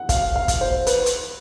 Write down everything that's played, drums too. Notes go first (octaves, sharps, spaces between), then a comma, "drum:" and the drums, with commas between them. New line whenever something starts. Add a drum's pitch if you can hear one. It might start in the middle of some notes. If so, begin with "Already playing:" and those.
Already playing: F#5
F5, drum: kick, hi-hat
F5
drum: kick, hi-hat
C5
B4, drum: hi-hat
drum: hi-hat